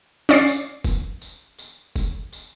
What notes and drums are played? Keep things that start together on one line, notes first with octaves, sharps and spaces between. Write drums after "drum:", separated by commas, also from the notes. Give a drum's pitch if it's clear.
C#4 D5 C7
drum: tambourine
drum: kick F1, tambourine
drum: tambourine
drum: tambourine
drum: kick F1, tambourine
drum: tambourine